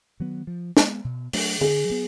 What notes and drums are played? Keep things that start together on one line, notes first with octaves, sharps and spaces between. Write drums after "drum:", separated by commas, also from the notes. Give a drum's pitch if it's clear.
D#3 F#3 B3
F3
G#3 B3, drum: snare
B2
F#3 A3 D4, drum: open hi-hat
D3 G#4
F#3 B3